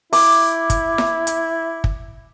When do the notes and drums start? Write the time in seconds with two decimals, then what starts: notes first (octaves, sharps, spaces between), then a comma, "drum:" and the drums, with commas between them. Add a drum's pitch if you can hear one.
0.13 E4 D6, drum: open hi-hat
0.70 drum: kick, hi-hat
0.98 drum: snare E4
1.27 drum: hi-hat
1.84 drum: kick